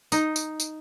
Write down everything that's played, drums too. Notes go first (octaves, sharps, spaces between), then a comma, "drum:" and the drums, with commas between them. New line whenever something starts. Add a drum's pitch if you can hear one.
D#4, drum: tambourine
drum: tambourine
drum: tambourine